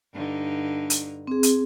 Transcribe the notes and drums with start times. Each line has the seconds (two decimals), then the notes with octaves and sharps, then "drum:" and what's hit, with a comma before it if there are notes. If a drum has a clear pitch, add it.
0.14 G2 D3 D#4
0.90 drum: hi-hat
1.27 C4 G#4
1.43 drum: hi-hat